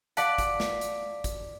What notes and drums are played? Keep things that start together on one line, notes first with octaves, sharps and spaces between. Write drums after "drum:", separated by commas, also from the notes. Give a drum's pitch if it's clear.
D5 F5 F#5 A5 B6, drum: hi-hat
drum: kick, hi-hat
drum: snare
drum: hi-hat
drum: kick, hi-hat